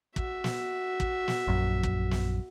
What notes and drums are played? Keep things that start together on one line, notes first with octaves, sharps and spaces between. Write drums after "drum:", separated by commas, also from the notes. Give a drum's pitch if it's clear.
F#4 E5, drum: kick
drum: snare
drum: kick
drum: snare
A#1 F#2
drum: kick
drum: snare